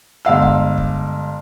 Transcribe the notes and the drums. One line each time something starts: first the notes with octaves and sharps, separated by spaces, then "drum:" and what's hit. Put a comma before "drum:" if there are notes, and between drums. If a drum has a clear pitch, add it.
G1 G#3 F5 E6
drum: kick
drum: kick